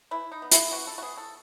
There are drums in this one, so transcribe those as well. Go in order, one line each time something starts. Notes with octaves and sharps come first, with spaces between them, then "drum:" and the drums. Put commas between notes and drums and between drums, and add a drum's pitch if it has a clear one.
E3 E4
D#4
B3
E4, drum: hi-hat
E3 F#4
A4
F#4
B3 G#4
A4